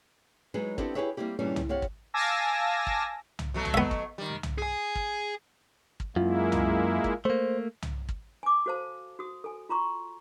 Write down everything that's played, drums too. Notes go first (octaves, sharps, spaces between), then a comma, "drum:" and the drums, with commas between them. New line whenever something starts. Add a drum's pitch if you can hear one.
F#3 G#3 D#4 G#4 B4
B3 C4 D4 E4 G4 A4, drum: kick
E4 G4 G#4 B4 C#5 E5
G3 A#3 C4 E4 G4
G2 A#2 C#3 E3 G3 C#4
drum: tom C2
C4 G4 C#5 F5 F#5
drum: kick
F5 G#5 A5 D6 E6 A#6
drum: kick
drum: tom C2
B2 F#3 A3
drum: tom C2
B3 E5
drum: kick
D#3 G3
drum: tom C2
G#4 G#5
drum: kick
drum: kick
F#2 G#3 A#3 E4 F4
drum: tom C2
drum: kick
A3 A#3 C5
drum: tom C2
drum: kick
G#5 D6
F#4 A4 C5 F5 A5
F#4 D#6
A4 G#5
F4 A#5 C6 C#6